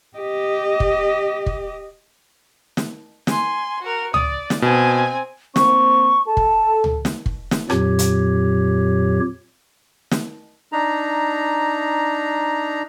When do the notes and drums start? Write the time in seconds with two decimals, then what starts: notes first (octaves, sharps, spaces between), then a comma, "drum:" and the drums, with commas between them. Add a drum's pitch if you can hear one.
0.18 G4 D#5
0.80 drum: kick
1.46 drum: kick
2.77 drum: snare
3.27 G#5 C6, drum: snare
3.82 F#4 A#4
4.14 D5 D#6, drum: tom C#2
4.50 drum: snare
4.62 B2 C4 G#5
5.56 A#3 C4 C#6, drum: snare
6.27 A4 A5
6.37 drum: kick
6.84 drum: tom C#2
7.05 drum: snare
7.26 drum: kick
7.51 drum: snare
7.70 F2 A#2 F#3 G4 C#5, drum: rim click
7.99 drum: hi-hat
10.11 drum: snare
10.72 D4 D#4 A#5